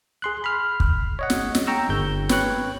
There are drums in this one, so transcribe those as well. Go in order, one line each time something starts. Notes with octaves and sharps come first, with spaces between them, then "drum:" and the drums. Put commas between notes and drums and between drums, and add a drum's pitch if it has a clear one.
G#4 C6 F#6
B5 F6
drum: kick
C#5 D#5 F#5
drum: snare
drum: snare
G5 A#5 C#6 E6
G1 G6
B4 C#5 G5 C#6 F#6, drum: snare